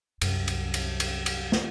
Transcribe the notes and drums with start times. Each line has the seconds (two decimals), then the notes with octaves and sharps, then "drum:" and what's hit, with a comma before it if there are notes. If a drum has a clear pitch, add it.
0.21 C2 F#2, drum: cymbal
0.48 drum: cymbal
0.74 drum: cymbal
1.00 drum: cymbal
1.26 drum: cymbal
1.52 drum: snare